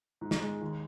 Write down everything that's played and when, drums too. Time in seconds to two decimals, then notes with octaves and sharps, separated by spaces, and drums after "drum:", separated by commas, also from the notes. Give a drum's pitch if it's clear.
0.21 G#2
0.31 drum: snare
0.41 G#3
0.61 D#2